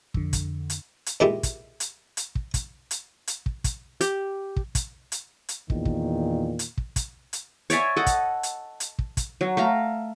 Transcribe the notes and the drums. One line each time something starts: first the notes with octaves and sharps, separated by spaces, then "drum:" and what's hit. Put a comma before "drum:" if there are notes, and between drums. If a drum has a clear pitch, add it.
F2 D3, drum: kick
drum: kick, hi-hat
drum: hi-hat
drum: hi-hat
A#2 D#3 G#3 A3 E4 G4
drum: kick, hi-hat
drum: hi-hat
drum: hi-hat
drum: kick
drum: kick, hi-hat
drum: hi-hat
drum: hi-hat
drum: kick
drum: kick, hi-hat
G4, drum: hi-hat
drum: kick
drum: kick, hi-hat
drum: hi-hat
drum: hi-hat
E2 A#2 D#3, drum: kick
drum: kick
drum: hi-hat
drum: kick
drum: kick, hi-hat
drum: hi-hat
C#5 D5 E5 G#5, drum: hi-hat
A4 D#5 F#5
drum: kick, hi-hat
drum: hi-hat
drum: hi-hat
drum: kick
drum: kick, hi-hat
F#3
A3 F5 A#5